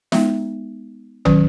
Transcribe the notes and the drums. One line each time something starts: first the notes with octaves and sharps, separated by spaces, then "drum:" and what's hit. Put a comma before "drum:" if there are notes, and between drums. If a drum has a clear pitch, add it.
G#3 B3 D#4, drum: snare
D#3 F#3 C#4, drum: tom